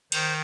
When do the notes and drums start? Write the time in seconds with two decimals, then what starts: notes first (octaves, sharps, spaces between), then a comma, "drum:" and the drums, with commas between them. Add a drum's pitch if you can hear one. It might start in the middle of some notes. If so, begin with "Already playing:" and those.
0.12 D#3 C5, drum: cymbal